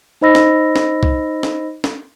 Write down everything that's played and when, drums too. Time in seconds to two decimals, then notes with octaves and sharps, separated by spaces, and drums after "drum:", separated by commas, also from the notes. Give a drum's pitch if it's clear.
0.21 D#4 C5 D#5 B5 E6 A#6
0.35 drum: snare
0.76 drum: snare
1.03 drum: kick C2
1.43 drum: snare
1.84 drum: snare